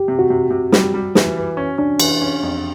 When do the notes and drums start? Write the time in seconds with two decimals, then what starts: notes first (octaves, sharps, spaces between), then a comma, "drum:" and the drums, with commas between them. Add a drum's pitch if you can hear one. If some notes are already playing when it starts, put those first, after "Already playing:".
Already playing: G4
0.08 C3
0.19 F#4
0.30 C3
0.51 C3
0.72 G3, drum: snare
0.94 G3
1.15 E3, drum: snare
1.36 E3
1.57 C#4
1.78 C#4 D4
2.00 E3, drum: cymbal
2.22 C#4
2.43 F2